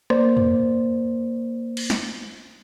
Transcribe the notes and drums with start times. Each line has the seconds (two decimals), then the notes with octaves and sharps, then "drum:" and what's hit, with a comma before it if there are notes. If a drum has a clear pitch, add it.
0.10 A#3 C5 D5, drum: rim click
0.37 drum: tom
1.77 drum: cymbal
1.90 drum: snare